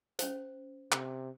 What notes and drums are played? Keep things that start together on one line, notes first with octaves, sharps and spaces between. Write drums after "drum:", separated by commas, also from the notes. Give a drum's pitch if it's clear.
C#4 C5, drum: hi-hat
C3, drum: clap